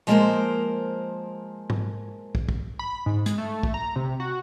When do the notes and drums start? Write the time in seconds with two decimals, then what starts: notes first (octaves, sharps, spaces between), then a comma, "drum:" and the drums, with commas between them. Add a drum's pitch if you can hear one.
0.07 F3 G#3 A#3 B3 A#4 C5
1.70 drum: tom
2.35 drum: kick
2.49 drum: kick
2.79 B5
3.06 G#2
3.26 G#3, drum: hi-hat
3.38 A3
3.63 drum: kick
3.74 A#5
3.96 C3
4.20 F#4